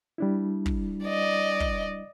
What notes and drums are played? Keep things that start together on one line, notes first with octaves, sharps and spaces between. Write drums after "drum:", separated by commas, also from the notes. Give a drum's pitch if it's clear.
G3 D4 E4
drum: kick
D5 D#5
drum: kick